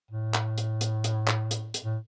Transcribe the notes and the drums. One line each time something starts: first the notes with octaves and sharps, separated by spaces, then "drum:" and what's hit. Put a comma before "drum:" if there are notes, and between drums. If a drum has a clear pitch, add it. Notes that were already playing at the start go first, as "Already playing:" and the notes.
A2
drum: clap
drum: hi-hat
drum: hi-hat
drum: hi-hat
drum: clap
drum: hi-hat
drum: hi-hat
A2